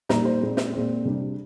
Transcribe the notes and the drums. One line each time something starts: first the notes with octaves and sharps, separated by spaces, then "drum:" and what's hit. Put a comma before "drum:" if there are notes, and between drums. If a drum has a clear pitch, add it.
A#2 G3 A#3 D#4 A#5, drum: snare
C5
A#2 G#3 C4
drum: snare
A#2 G#3 C4
C3 G3 D4